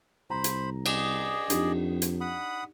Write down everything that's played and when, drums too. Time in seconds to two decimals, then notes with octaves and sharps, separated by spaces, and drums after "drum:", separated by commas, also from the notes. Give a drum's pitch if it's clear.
0.30 C2 C5 A#5 B5
0.44 drum: hi-hat
0.86 G#4 D5 D#5, drum: cymbal
1.50 F2 D4 D#4 G4, drum: hi-hat
2.02 drum: hi-hat
2.21 F#5 B5 D#6